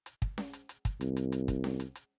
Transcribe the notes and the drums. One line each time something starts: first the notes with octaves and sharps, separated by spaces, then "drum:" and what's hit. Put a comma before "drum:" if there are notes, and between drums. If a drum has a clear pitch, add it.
drum: hi-hat
drum: kick
drum: snare C#4
drum: hi-hat
drum: hi-hat
drum: kick, hi-hat
C2, drum: hi-hat
drum: hi-hat
drum: hi-hat
drum: kick, hi-hat
drum: snare C#4
drum: hi-hat
drum: hi-hat